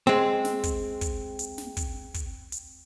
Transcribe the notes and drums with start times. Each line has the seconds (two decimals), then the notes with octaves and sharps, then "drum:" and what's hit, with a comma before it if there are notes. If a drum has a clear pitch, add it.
0.07 G#3 C4
0.45 drum: snare
0.63 drum: kick, hi-hat
1.01 drum: kick, hi-hat
1.39 drum: hi-hat
1.58 drum: snare
1.77 drum: kick, hi-hat
2.14 drum: kick, hi-hat
2.52 drum: hi-hat